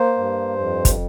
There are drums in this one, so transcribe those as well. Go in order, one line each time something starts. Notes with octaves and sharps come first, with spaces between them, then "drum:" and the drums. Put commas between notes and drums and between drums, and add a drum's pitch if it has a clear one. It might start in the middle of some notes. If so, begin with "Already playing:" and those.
Already playing: A#3 C5
G2
F2
drum: kick, hi-hat